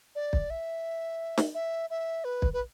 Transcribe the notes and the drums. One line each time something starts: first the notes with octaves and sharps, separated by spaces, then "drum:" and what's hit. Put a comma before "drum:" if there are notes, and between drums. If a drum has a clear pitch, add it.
D5
drum: kick
E5
drum: snare
E5
E5
B4
drum: kick
B4